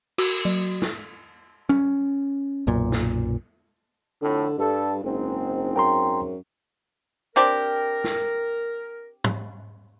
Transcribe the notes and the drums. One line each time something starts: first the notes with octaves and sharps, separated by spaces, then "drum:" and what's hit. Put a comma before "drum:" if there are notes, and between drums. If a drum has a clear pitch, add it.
F#4, drum: cymbal
F#3
drum: snare
C#4, drum: tom
B1 F#2 A#2
drum: snare
F2 A2 D3
G2 G3 A4
F#1 G#2 C4
F#2 G5 A#5 C6
C4 D4 G4 A#4
drum: snare
drum: tom